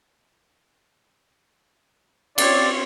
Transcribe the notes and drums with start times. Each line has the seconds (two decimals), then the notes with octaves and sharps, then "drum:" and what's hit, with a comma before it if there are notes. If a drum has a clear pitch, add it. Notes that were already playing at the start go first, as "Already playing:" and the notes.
2.38 C4 F4 C#5 D5, drum: cymbal